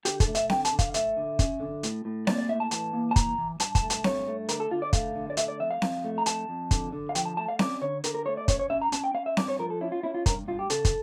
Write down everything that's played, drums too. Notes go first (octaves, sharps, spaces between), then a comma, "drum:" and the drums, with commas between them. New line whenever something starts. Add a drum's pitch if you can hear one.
D3 G4, drum: hi-hat
A4, drum: kick, hi-hat
A3
E5, drum: hi-hat
D3 G5, drum: snare C4
A5, drum: hi-hat
D3
F5, drum: kick, hi-hat
A3 E5, drum: hi-hat
D3
C#4, drum: kick, hi-hat
D3
A2, drum: hi-hat
A2
A#3 D5, drum: snare C4
D5
A2 E5
A5
E3 A5, drum: hi-hat
A#3
A5
E3 A#5, drum: kick, hi-hat
E3
G2 A5, drum: hi-hat
A5, drum: kick, hi-hat
A3
A5, drum: hi-hat
G2 C#5, drum: snare C4
A3
D3 A#4, drum: hi-hat
A4
D3 F4
D5
A3 F5, drum: kick, hi-hat
D3
D5
A3 E5, drum: hi-hat
D5
F2 E5
F5
F2, drum: snare C4
A3
A#5
F2 A5, drum: hi-hat
F2
D3, drum: kick, hi-hat
D3
F5
F3 G5, drum: hi-hat
A5
A3 A5
F5
C#4 D5, drum: snare C4
D3 C#5
D3 A#4, drum: hi-hat
A#4
A3 C#5
D5
C#4 C#5, drum: kick, hi-hat
C#5
C#4 E5
A#5
C#4 A5, drum: hi-hat
G5
C#4 F5
E5
G2 D5, drum: snare C4
C#5
F3 A#4
A4
C#4 E4
F4
C#4 E4
F4
G2 A#4, drum: kick, hi-hat
G2 F4
G4
C#3 A4, drum: hi-hat
drum: kick, hi-hat